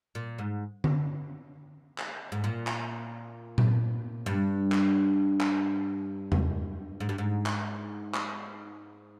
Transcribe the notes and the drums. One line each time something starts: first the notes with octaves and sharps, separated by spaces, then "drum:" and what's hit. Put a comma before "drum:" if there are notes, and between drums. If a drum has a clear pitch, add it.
A#2
G#2
drum: tom D3
drum: clap
G#2
A#2
drum: clap
drum: tom A#2
G2
drum: clap
drum: clap
drum: tom E2
G#2
G2
G#2
drum: clap
drum: clap